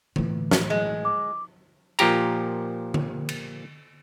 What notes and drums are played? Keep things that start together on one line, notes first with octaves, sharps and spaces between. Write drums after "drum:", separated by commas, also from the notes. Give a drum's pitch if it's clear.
A2 E3, drum: tom D3
drum: snare
G#3
D6
A#2 F3 G4 A#5, drum: cymbal
drum: tom D3
drum: cymbal